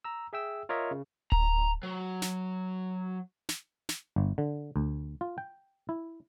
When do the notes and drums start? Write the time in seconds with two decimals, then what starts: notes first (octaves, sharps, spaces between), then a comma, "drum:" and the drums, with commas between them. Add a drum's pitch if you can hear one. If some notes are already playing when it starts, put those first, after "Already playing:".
0.04 A#5 E6
0.33 G#4 E5 G5 E6
0.69 F4 A#4 C#5 D#5 E5
0.91 C#3
1.32 A#5, drum: kick D1
1.83 F#3
2.22 drum: snare
3.49 drum: snare
3.89 drum: snare
4.16 G1
4.38 D3
4.76 D2
5.21 F4
5.38 G5
5.89 E4